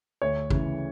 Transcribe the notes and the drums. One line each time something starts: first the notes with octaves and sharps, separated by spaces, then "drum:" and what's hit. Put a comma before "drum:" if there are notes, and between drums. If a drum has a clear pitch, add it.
D2 C#5
C#3 E3, drum: kick